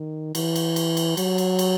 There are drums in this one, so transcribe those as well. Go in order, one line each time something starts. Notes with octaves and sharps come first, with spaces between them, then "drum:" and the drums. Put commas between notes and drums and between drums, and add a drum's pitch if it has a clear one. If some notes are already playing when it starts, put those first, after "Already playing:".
Already playing: D#3
E3, drum: cymbal
drum: cymbal
drum: cymbal
drum: cymbal
F#3, drum: cymbal
drum: cymbal
drum: cymbal